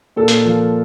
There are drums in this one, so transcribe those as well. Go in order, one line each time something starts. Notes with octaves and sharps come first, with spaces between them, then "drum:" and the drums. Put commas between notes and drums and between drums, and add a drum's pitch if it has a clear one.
A#2 A4
drum: hi-hat
F3